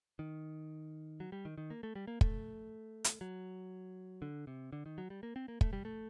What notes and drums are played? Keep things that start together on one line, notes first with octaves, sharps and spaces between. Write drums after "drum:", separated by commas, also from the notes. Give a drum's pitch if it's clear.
D#3
F#3
G3
D#3
D#3
A#3
A3
G3
A#3
A3, drum: kick
drum: hi-hat
F#3
D3
C3
D3
D#3
F#3
G3
A#3
C4
A#3
A3, drum: kick
G3
A3